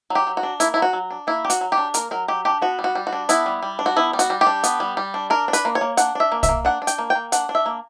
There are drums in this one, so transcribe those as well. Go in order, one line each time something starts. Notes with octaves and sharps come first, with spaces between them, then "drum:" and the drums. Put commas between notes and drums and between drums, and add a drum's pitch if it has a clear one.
F#3
G4
F#3
F#4
D4
A#3 E4, drum: hi-hat
E4
F#3
F#4
F#3
D4
A#3 E4
F#3 G4
F#4, drum: hi-hat
F#3
G4
D4
A#3 A#4, drum: hi-hat
F#3 A#4
F#3 G4
D4 G4
B3 F#4
G3
F#4
G3
F#4
D4
B3 E4, drum: hi-hat
G3
G3
D4
F#4
B3 E4
G3
F#4, drum: hi-hat
G3
G4
D4
B3, drum: hi-hat
G3
G3
D4
D4 A#4
D4
B4, drum: hi-hat
A#3
C#5
A#3
D4 F#5, drum: hi-hat
D4 E5
A#3
E5, drum: kick, hi-hat
A#3
D4 F#5
D4
G5, drum: hi-hat
A#3
A#3 G5
D4 F#5, drum: hi-hat
D4
E5
A#3